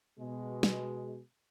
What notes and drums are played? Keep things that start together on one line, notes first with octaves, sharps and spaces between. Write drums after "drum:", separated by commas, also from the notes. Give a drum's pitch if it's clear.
B2 G#3
drum: snare